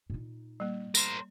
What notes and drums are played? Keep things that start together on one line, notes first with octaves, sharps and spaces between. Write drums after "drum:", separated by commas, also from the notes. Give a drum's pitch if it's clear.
A#2 D#4
G3 A#3
A#4 C5, drum: tambourine